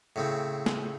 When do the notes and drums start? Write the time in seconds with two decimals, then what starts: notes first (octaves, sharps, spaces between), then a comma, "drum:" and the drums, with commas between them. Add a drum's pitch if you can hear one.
0.16 A2 C#3 C4
0.66 drum: snare